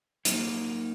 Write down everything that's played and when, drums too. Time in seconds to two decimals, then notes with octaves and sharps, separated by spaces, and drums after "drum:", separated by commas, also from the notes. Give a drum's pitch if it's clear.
0.25 F#3 A#3 D#4, drum: hi-hat